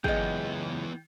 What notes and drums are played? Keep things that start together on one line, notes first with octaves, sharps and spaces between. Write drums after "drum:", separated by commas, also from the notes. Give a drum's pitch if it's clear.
C#2 F#2 E3 B3 G#4 D#5 G5, drum: kick